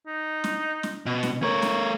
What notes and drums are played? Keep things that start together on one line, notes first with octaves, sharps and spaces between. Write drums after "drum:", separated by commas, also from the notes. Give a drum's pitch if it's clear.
D#4
drum: snare
drum: snare
B2
drum: snare
A3 A#4 C#5
drum: snare